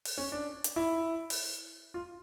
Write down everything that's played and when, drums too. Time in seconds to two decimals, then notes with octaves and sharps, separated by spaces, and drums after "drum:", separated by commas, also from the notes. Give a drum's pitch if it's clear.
0.05 drum: open hi-hat
0.18 C#4
0.32 D4
0.64 drum: hi-hat
0.76 E4
1.30 drum: open hi-hat
1.94 F4